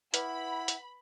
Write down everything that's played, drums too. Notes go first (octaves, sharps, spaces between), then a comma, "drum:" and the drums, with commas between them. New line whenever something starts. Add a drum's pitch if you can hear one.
E4 B4 D5 F#5 B5 D6, drum: hi-hat
drum: hi-hat